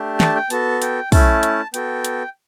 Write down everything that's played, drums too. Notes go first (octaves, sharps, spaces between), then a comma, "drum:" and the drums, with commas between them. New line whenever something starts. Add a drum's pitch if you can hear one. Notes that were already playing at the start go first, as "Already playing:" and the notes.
Already playing: A3 D4 G4
A5, drum: snare
G5
B3 F#4 A4 A5, drum: hi-hat
G5, drum: hi-hat
A3 C#4 E4 A5, drum: kick, open hi-hat
drum: hi-hat
B3 F#4 A4 G5, drum: hi-hat
drum: hi-hat